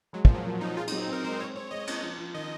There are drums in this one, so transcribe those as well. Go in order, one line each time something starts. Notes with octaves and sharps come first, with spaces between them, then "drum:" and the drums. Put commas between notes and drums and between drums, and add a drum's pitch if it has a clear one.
F#3 G#3
F3, drum: kick
A#2 F#3
A#2
A#2 D#4
F4 G#4
D#4, drum: cymbal
F#3
C4
C4 A#4
G#3 C5
C4 C#5
C4 C#5
G#3 D#5
C4, drum: cymbal
F3
F3
D#3 D#5